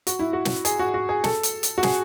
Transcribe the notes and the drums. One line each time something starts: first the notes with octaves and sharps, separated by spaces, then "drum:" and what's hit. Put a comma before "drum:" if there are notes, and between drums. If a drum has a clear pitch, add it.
F#4, drum: hi-hat
E4
F#4
drum: snare
G#4, drum: hi-hat
F#4
F#4
G#4
A4, drum: snare
drum: hi-hat
drum: hi-hat
F#4
G#4, drum: snare